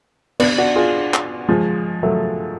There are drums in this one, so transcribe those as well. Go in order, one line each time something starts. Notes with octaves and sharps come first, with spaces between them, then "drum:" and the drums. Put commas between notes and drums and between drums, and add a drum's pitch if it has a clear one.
B3 D4, drum: cymbal
D4 F#4
F4 G#4
drum: clap
F3 G#3
F#3 A3